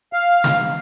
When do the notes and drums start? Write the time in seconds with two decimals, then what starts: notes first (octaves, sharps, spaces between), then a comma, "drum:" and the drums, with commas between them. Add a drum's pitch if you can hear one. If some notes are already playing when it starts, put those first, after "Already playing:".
0.13 F5
0.44 drum: snare